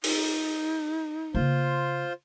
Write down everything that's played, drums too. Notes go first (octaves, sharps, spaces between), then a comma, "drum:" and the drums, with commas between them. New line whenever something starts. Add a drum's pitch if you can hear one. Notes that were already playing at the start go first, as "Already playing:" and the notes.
D#4, drum: open hi-hat
C#3 A#3 F4 C5